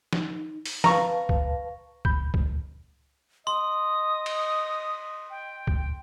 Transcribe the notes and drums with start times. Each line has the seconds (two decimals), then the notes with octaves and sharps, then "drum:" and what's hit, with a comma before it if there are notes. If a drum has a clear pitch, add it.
0.13 D#4, drum: snare
0.66 drum: open hi-hat
0.84 B4 F5 A5 A#5 C#6, drum: snare
1.29 drum: kick C#2
2.05 B5 G6, drum: kick C#2
2.34 drum: kick C#2
3.47 D#5 C6 D#6
4.26 drum: cymbal
5.30 G5
5.67 drum: kick C#2